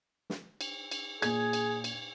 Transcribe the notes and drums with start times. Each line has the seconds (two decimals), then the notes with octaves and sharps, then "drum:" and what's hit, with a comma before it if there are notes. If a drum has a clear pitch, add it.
0.30 drum: snare
0.61 drum: cymbal
0.91 drum: cymbal
1.22 A#2 G#4 G#6, drum: cymbal
1.53 drum: cymbal
1.84 drum: cymbal